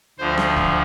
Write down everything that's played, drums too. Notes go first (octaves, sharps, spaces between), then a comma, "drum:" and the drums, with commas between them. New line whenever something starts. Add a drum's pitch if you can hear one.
D2 D3 F3 C5
drum: rim click
drum: kick